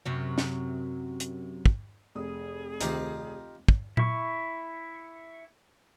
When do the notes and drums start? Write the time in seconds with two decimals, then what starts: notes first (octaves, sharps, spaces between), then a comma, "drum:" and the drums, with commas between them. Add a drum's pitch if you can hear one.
0.06 F#2 C3 F#3
0.38 drum: snare
1.20 drum: hi-hat
1.66 drum: kick
2.15 F1 G#4 D#6
2.81 D2 C3 D#3 D#4 F4 G4, drum: hi-hat
3.68 drum: kick
3.97 E4 C#6, drum: tom A#2